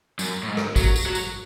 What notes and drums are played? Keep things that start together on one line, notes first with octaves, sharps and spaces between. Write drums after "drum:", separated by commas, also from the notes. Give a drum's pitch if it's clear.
F#2, drum: tambourine
A2
G#2
drum: rim click
F#3, drum: kick, tambourine
drum: tambourine
F#3
drum: tambourine